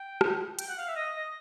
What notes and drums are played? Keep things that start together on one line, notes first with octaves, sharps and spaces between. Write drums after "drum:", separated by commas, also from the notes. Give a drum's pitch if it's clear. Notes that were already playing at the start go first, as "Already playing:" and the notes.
Already playing: G5
drum: rim click
G5, drum: hi-hat
F#5
F5
E5
D#5
D#5